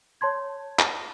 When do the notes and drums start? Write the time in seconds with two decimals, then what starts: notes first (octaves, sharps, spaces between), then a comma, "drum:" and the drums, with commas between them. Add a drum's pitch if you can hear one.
0.21 C#5 A5 C6 G#6
0.79 drum: clap